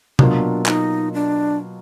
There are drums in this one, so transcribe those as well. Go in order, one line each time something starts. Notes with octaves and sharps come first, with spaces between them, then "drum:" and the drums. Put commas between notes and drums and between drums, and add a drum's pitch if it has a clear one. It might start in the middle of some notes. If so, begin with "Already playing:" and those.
B2 F#3 A#3 D4 F4, drum: tom
D#4, drum: clap
D4